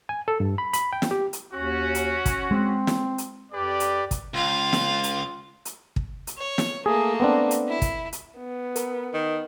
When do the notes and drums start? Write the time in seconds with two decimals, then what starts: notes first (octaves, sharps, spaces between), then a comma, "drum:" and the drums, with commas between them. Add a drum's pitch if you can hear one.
0.09 G#5
0.28 A4
0.40 G2
0.58 B5
0.73 B5, drum: hi-hat
0.93 G5
1.02 drum: snare
1.11 G4
1.33 drum: hi-hat
1.54 D#2 C#4 F#4
1.95 drum: hi-hat
2.26 drum: kick, hi-hat
2.51 G#3 C4
2.87 drum: snare
3.18 drum: hi-hat
3.52 F2 G4 B4 D5
3.80 drum: hi-hat
4.11 drum: kick, hi-hat
4.34 C#2 F4 F5
4.73 drum: snare
5.04 drum: hi-hat
5.65 drum: hi-hat
5.96 drum: kick
6.27 drum: hi-hat
6.37 C#5
6.58 drum: snare
6.86 A3 A#3 G#4
7.20 B3 C4 D4
7.51 drum: hi-hat
7.67 E4
7.82 drum: kick, hi-hat
8.13 drum: hi-hat
8.38 B3
8.76 A#4, drum: hi-hat
9.13 D#3